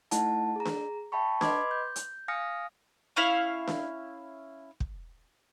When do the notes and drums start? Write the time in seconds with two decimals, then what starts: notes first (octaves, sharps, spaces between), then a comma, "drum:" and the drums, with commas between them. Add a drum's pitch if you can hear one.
0.11 A3 D#4 E4 F#5 A5, drum: hi-hat
0.56 G#4 A#5
0.65 drum: snare D4
1.12 E5 G5 A5 B5 C#6
1.41 B4 D#5 B5 C6 D6 G#6, drum: snare D4
1.71 G6
1.96 drum: hi-hat
2.28 F5 G#5 D#6 F6 A#6 C#7
3.16 C#4 E4 F5
3.67 drum: snare D4
4.80 drum: kick